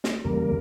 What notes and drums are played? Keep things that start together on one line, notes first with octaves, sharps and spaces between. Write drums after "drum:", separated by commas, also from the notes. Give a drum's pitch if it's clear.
drum: snare
E2 C#3 G3 A#3 A#4